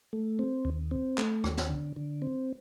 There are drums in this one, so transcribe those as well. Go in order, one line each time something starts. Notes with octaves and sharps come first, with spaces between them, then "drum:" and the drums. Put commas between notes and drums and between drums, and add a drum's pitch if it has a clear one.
A3
C4
D#2
C4
A3, drum: clap
D#2, drum: rim click
drum: snare
D3
D3
C4